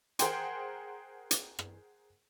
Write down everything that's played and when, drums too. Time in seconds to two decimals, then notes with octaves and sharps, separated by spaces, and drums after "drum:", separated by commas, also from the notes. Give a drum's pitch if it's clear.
0.19 G#4 A#4 C5 F#5 G5 C6, drum: hi-hat
1.31 drum: hi-hat
1.59 drum: rim click